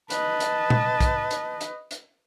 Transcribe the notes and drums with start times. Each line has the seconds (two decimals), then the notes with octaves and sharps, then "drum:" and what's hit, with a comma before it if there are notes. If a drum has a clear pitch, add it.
0.10 B4 D#5 A5, drum: hi-hat
0.40 drum: hi-hat
0.70 drum: tom A#2
1.00 drum: kick, hi-hat
1.31 drum: hi-hat
1.61 drum: hi-hat
1.91 drum: hi-hat